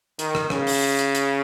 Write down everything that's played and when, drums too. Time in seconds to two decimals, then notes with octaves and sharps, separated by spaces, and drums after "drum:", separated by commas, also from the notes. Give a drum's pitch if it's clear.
0.19 D#3, drum: hi-hat
0.35 drum: rim click
0.50 C#3, drum: rim click
0.67 drum: open hi-hat
0.99 drum: hi-hat
1.15 drum: hi-hat